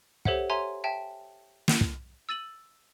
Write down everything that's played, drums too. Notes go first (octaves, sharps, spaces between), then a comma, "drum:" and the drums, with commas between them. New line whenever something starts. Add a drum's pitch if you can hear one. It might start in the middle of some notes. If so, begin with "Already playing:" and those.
G4 A4 C5 C#5 E5 F#5, drum: kick
C#5 E5 G#5 A#5 C6
E5 G5 A5
drum: snare
drum: kick
E6 A6 D#7 F#7